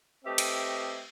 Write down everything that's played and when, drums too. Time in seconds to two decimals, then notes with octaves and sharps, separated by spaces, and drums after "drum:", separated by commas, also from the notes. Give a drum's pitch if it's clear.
0.24 A3 C4 G4 B4 D#5 E5
0.38 drum: cymbal